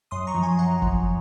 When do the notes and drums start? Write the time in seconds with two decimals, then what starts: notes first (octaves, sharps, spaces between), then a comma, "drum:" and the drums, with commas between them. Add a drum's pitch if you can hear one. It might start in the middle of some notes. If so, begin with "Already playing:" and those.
0.11 F#2 C6 D#6
0.27 A#5 C#6
0.34 F3
0.43 G#5 C6
0.58 F#2 F#5 A#5
0.82 F3, drum: kick F#1